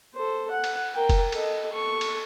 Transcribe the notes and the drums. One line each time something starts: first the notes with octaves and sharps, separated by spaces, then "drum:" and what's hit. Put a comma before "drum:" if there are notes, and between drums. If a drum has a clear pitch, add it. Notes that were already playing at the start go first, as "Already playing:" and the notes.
A4 C5
F#5
drum: cymbal
A#4 G5
drum: kick F1, cymbal
A4 D#5, drum: cymbal
A4 C#6
drum: cymbal